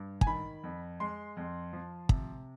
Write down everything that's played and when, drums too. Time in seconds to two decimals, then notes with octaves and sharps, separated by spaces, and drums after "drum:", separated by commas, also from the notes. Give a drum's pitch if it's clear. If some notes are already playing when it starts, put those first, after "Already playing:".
Already playing: G2
0.21 G#5, drum: kick
0.27 D#3 B5
0.64 F2
1.00 G#3 C6
1.37 F2
1.73 F3
2.09 C3, drum: kick